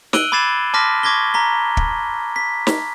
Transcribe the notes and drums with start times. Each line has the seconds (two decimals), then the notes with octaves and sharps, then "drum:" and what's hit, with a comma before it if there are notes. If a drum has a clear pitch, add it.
0.13 E6 F#6 D7 D#7 F#7 G7, drum: snare
0.32 B5 D6 G#6 A6 C7 E7
0.74 A5 C6 D6 F6 A#6 B6
1.03 C#6 D6 G#6 A#6 B6 G7
1.34 A#5 B6 G7
1.77 drum: kick
2.36 B6
2.67 drum: snare